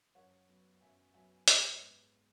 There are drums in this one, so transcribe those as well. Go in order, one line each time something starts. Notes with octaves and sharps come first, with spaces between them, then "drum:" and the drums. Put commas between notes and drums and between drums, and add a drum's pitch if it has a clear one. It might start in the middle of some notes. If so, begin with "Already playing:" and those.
F#2 C#5 F#5
F#3 B3
F#2 E5 G#5
F#3 B3 E5 G#5
G#2 B4, drum: hi-hat
G#3 B3